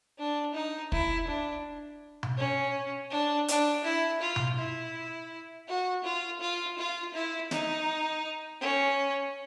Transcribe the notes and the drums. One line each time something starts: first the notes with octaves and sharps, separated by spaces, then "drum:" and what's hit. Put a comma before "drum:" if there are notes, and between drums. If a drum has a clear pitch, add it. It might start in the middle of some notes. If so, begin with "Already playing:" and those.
D4
D#4
E4, drum: kick
D4
drum: tom B2
C#4
D4
D4, drum: hi-hat
E4
F4
drum: tom B2
E4
F#4
F4
F4
F4
E4
D#4, drum: snare
C#4